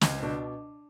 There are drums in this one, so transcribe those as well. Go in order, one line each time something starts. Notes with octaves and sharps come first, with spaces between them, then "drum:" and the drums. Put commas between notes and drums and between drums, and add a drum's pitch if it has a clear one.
C#2 C#4, drum: snare
B2 D4